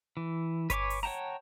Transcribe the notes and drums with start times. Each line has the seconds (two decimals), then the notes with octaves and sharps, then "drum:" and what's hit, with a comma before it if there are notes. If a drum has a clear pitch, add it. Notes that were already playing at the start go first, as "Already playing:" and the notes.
0.17 E3
0.70 B4 C#5 G#5 D6, drum: kick G1, hi-hat
0.90 drum: open hi-hat
1.03 C#5 F#5 G5 A5 A#5